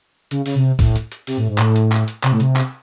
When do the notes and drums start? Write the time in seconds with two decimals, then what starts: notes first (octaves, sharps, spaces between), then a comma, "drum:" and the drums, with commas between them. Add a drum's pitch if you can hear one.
0.31 C#3, drum: hi-hat
0.46 C#3, drum: open hi-hat
0.55 C3
0.79 A2, drum: kick, open hi-hat
0.96 drum: hi-hat
1.12 drum: hi-hat
1.27 C3, drum: open hi-hat
1.37 A2
1.48 G#2
1.58 A2, drum: clap
1.76 drum: hi-hat
1.92 drum: clap
2.08 drum: hi-hat
2.23 C3, drum: clap
2.32 A2
2.40 C3, drum: hi-hat
2.56 drum: clap